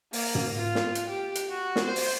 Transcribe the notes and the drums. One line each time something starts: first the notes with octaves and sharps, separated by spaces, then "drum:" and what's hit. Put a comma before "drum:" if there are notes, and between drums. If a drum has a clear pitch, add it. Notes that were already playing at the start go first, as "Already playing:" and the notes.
A#3, drum: open hi-hat
drum: tom
F4
drum: snare
drum: hi-hat
G4
drum: hi-hat
F#4
drum: snare
C5
drum: open hi-hat